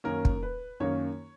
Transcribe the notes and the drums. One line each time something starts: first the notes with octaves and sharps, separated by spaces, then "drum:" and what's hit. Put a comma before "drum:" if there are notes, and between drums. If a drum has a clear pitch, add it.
F#2 D#3 A#3 C#4 A#4
drum: kick
B4
F#2 D#3 A#3 C#4 C#5